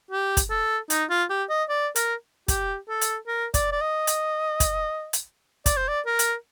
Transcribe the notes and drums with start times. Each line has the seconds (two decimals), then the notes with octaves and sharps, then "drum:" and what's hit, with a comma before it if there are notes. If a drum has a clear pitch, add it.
0.11 G4
0.37 drum: kick, hi-hat
0.50 A4
0.90 D#4, drum: hi-hat
1.10 F4
1.30 G4
1.49 D#5
1.69 D5
1.96 A#4, drum: hi-hat
2.48 G4, drum: kick, hi-hat
2.89 A4
3.01 drum: hi-hat
3.27 A#4
3.54 D5, drum: kick, hi-hat
3.72 D5
3.81 D#5
4.07 drum: hi-hat
4.60 drum: kick, hi-hat
5.13 drum: hi-hat
5.66 D5, drum: kick, hi-hat
5.77 C5
5.88 D5
6.06 A#4
6.19 drum: hi-hat